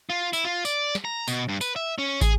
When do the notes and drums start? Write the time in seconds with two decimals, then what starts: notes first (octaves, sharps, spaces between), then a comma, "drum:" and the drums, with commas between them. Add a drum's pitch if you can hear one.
0.10 F4
0.33 E4, drum: tambourine
0.45 F4
0.65 D5, drum: tambourine
0.95 drum: snare
1.05 A#5
1.28 B2, drum: tambourine
1.49 G2
1.61 B4, drum: tambourine
1.76 E5
1.98 C#4
2.21 G#4, drum: kick, tambourine